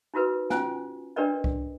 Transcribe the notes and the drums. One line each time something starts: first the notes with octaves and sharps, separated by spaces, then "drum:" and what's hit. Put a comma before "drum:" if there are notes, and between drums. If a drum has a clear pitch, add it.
D#4 E4 F#4 A#4 B4
C#4 F4 C5 G#5, drum: snare
D4 G4 A#4 B4 D5 D#5
drum: kick C2